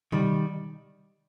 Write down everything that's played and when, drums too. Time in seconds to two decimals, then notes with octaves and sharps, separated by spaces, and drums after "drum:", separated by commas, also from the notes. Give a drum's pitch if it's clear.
0.12 D#3 G3, drum: tom B2